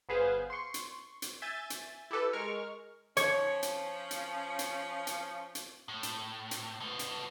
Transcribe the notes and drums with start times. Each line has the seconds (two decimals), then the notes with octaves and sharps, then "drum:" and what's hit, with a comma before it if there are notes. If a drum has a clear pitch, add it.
0.09 G1 B3 G#4 B4 C5 F5
0.50 C6 C#6
0.74 drum: hi-hat
1.22 drum: hi-hat
1.42 E5 G#5 G6 A6 D#7
1.70 drum: hi-hat
2.11 E4 G4 A4 B4
2.33 G#3 A#4 C#6 F6
3.17 F3 C#4 C#5, drum: hi-hat
3.63 drum: hi-hat
4.11 drum: hi-hat
4.59 drum: hi-hat
5.07 drum: hi-hat
5.55 drum: hi-hat
5.88 A2
6.03 drum: hi-hat
6.51 drum: hi-hat
6.81 B3 A4
6.99 drum: hi-hat